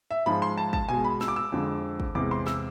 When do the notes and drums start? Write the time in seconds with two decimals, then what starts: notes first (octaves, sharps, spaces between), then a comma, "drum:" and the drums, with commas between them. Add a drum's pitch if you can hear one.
0.11 E5
0.26 G#2 F3 G#3 B5
0.42 C6
0.58 A5
0.73 A5, drum: kick
0.89 B2 G#3 G#5
1.04 B5
1.21 E6, drum: snare
1.28 D6
1.36 E6
1.52 F2 D3 G#3
2.00 drum: kick
2.15 E2 C3 G#3 D6
2.31 C6
2.47 E6, drum: snare